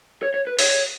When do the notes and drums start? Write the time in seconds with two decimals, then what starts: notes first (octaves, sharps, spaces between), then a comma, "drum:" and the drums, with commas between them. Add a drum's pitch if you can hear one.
0.23 C#5
0.34 C#5
0.47 B4
0.59 C#5, drum: open hi-hat